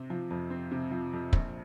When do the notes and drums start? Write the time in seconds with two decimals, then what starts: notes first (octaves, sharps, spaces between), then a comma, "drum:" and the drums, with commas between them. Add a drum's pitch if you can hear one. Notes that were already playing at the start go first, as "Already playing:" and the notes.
Already playing: C3 C4
0.10 F3
0.30 F2
0.50 C4
0.71 C3
0.91 F3
1.13 F2
1.33 A#1, drum: kick